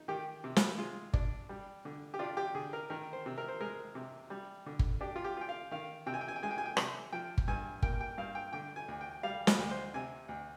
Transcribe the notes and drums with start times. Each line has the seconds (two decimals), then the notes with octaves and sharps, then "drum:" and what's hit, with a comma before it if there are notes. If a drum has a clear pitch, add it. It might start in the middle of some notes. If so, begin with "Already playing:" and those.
Already playing: D#4
0.08 D#3 G4
0.44 C3
0.56 drum: snare
0.78 G#3 F4
1.14 D4, drum: kick G1
1.49 G3
1.85 D3
2.14 G4
2.19 D4 F4
2.37 G4
2.55 D3 G#4
2.73 A#4
2.90 D#3 A#4
3.13 C5
3.26 C3
3.38 A#4
3.48 C5
3.60 G#3 A#4
3.95 C3
4.30 G3
4.66 D3
4.79 drum: kick G1
5.01 D4 G4
5.16 F4
5.24 G4
5.37 F4 G5
5.49 F5
5.71 D#3 F5
6.06 C3 G5
6.14 G#5
6.21 G5
6.28 G#5
6.36 G5
6.43 G#3 G#5
6.51 G5
6.58 G#5
6.66 G5
6.77 C3, drum: rim click
7.13 F3 G5
7.38 drum: kick G1
7.48 G2 G#5
7.82 A#3 G5, drum: kick G1
8.01 G5
8.18 G2 F5
8.35 G5
8.53 D3 G5
8.76 G#5
8.88 D2
9.01 G5
9.23 G3 F5
9.47 D#5, drum: snare
9.59 D2
9.71 C5
9.94 C3 G#5
10.29 D2